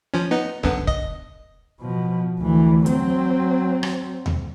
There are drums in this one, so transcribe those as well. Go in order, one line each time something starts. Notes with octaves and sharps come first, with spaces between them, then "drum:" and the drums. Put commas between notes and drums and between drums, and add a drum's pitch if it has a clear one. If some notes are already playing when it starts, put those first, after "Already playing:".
F3 C#4
B3 D#4
F#2 D3 B3, drum: kick
D#5, drum: kick
B2 F3
D2 E3
F#3 C4, drum: hi-hat
drum: rim click
drum: tom D#2